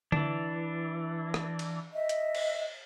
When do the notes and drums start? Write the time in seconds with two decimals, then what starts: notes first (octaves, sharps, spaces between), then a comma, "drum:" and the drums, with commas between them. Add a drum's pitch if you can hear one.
0.12 E3 D4, drum: tom D3
1.34 drum: rim click
1.59 drum: cymbal
1.93 D#5 E5
2.09 drum: hi-hat
2.35 drum: cymbal